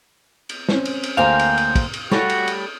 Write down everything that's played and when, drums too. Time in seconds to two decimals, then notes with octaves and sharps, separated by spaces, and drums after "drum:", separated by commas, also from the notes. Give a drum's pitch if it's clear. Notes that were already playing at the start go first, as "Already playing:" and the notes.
0.49 drum: cymbal
0.69 C4 C#4, drum: snare
0.85 drum: cymbal
1.03 drum: cymbal
1.17 D2 A#3 C4 C5 F5 G#5 A#5 G6
1.39 drum: cymbal
1.57 drum: cymbal
1.75 drum: kick, cymbal
1.93 drum: cymbal
2.11 G3 A3 F#4 A4 C#5, drum: snare
2.29 drum: cymbal
2.48 drum: cymbal